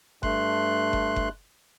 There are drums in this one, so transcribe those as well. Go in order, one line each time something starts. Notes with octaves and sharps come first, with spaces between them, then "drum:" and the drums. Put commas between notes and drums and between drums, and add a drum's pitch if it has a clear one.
G2 A3 C6 F#6, drum: kick F#1
drum: kick F#1
drum: kick F#1